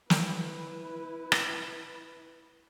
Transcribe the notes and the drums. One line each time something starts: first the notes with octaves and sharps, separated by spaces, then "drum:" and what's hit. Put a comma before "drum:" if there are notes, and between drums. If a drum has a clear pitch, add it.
E4 B4, drum: snare
drum: rim click